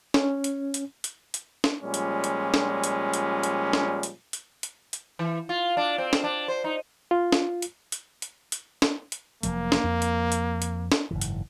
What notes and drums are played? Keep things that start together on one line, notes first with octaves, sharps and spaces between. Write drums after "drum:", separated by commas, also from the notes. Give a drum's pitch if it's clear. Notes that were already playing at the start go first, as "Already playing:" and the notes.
C#4, drum: snare
drum: hi-hat
drum: hi-hat
drum: hi-hat
drum: hi-hat
drum: snare
A#2 F3 G3 G#3 C#4
drum: hi-hat
drum: hi-hat
drum: snare
drum: hi-hat
drum: hi-hat
drum: hi-hat
drum: snare
drum: hi-hat
drum: hi-hat
drum: hi-hat
drum: hi-hat
E3
F4
D4
C4
drum: snare
D4
C5
D#4
F4
drum: snare
drum: hi-hat
drum: hi-hat
drum: hi-hat
drum: hi-hat
drum: snare
drum: hi-hat
F1 F3 F#3 A#3, drum: hi-hat
drum: snare
F2 F3
drum: hi-hat
drum: hi-hat
drum: hi-hat
drum: snare
F#1 G#2 E3
drum: hi-hat